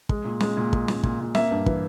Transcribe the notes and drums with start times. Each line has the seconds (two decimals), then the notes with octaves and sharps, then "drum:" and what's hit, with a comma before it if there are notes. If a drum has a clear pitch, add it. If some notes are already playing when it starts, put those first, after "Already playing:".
0.09 G#3, drum: kick
0.25 A#2
0.41 G#3, drum: snare
0.57 A#2
0.73 G#3, drum: kick
0.88 A#2, drum: snare
1.03 A#2, drum: kick
1.20 A#2
1.35 A#3 E5, drum: snare
1.51 G2
1.66 E3, drum: kick